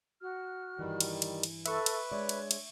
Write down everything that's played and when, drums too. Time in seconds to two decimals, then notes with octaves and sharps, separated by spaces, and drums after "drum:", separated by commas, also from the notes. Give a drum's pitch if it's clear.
0.21 F#4 F6
0.79 G2 D#3 E3 G3
1.01 drum: cymbal
1.22 drum: cymbal
1.43 drum: cymbal
1.66 A4 B4 E5 C#6, drum: cymbal
1.86 drum: cymbal
2.12 G#3 D4 C#5 D5
2.29 drum: cymbal
2.51 drum: cymbal